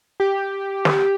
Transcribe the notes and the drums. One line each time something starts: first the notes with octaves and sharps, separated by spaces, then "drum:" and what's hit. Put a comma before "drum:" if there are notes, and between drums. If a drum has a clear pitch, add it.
G4
drum: snare